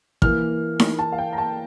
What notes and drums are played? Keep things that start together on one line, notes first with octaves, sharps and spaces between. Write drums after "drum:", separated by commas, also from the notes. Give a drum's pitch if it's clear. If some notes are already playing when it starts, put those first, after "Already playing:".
E3 A#3 F6, drum: kick
drum: snare D#4
A5
F5
G5
A#5
A5